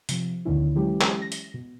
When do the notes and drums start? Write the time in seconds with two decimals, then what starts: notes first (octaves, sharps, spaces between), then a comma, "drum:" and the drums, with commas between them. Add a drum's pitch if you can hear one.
0.09 C3 F3, drum: hi-hat
0.45 D2 B2 D3 D#3 C#4 E4
0.75 E3 F#3 G#3 C#4 E4 G4
1.01 drum: clap
1.22 A#6
1.32 drum: hi-hat
1.54 B2